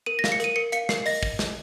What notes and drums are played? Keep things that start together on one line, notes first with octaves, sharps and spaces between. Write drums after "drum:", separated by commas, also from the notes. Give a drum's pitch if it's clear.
A#4 D#7
A#6
F5, drum: snare
C#7
A#4 D#7, drum: hi-hat
A#4 C#7
F5 C#7, drum: hi-hat
A#4 C7, drum: snare
D#5 A#6, drum: open hi-hat
drum: kick
drum: snare